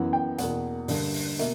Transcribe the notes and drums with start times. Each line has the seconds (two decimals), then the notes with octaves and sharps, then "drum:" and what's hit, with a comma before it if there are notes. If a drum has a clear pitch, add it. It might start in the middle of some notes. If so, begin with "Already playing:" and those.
Already playing: F#2 E3 B3 F#5
0.13 G5
0.38 E2 B2 A#3 F#5, drum: hi-hat
0.88 G2 D3 A#3, drum: open hi-hat
1.14 drum: open hi-hat
1.39 B2 A#3 E5, drum: hi-hat